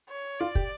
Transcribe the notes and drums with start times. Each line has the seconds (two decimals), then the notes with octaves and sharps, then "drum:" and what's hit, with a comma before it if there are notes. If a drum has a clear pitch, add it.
0.09 C#5
0.39 F4 D5
0.55 G4, drum: kick